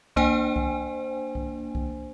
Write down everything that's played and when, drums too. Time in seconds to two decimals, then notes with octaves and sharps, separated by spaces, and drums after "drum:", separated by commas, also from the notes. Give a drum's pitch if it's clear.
0.16 A#3 D4 C5 G5 G#5, drum: kick C2
0.56 drum: kick C2
1.35 drum: kick C2
1.75 drum: kick C2